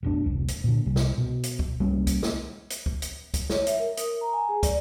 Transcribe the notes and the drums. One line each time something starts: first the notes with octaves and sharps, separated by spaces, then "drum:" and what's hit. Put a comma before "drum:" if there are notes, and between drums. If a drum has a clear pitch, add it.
F1 B1 D4
E1 C2
drum: hi-hat
A#2 D3
C2 C3
drum: snare
B2
drum: hi-hat
drum: kick
C2 G3 A#3 C#4
drum: kick, hi-hat
drum: snare
drum: hi-hat
drum: kick
drum: hi-hat
drum: kick, hi-hat
C#5, drum: snare
E5, drum: hi-hat
A#4
D#6, drum: hi-hat
A#5
G#5
G#4
D5, drum: kick, hi-hat